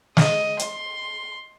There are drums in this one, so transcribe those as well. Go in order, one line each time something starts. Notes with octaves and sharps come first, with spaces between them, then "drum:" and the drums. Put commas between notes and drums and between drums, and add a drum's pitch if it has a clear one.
D#5, drum: snare
C6, drum: hi-hat